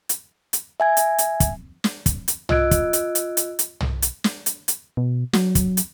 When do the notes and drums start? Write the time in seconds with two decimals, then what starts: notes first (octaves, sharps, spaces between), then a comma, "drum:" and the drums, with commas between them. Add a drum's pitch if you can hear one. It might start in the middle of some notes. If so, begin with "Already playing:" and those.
0.09 drum: hi-hat
0.53 drum: hi-hat
0.80 E5 G#5 G#6
0.97 drum: hi-hat
1.18 drum: hi-hat
1.40 drum: kick, hi-hat
1.84 drum: snare
2.06 drum: kick, hi-hat
2.28 drum: hi-hat
2.49 F4 D#5 E6 F#6 G#6 D7, drum: tom
2.71 drum: kick, hi-hat
2.93 drum: hi-hat
3.15 drum: hi-hat
3.37 drum: hi-hat
3.59 drum: hi-hat
3.81 drum: tom
4.02 drum: hi-hat
4.24 drum: snare
4.46 drum: hi-hat
4.68 drum: hi-hat
4.97 B2
5.33 F#3, drum: snare
5.55 drum: kick, hi-hat
5.77 drum: hi-hat